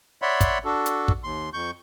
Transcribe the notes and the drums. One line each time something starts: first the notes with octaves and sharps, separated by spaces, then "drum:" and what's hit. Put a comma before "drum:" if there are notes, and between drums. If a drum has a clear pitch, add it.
C#5 D5 E5 F#5 B5 C6
drum: kick, hi-hat
D4 F#4 A4
drum: hi-hat
drum: kick
D#2 C6
F2 C#6 G6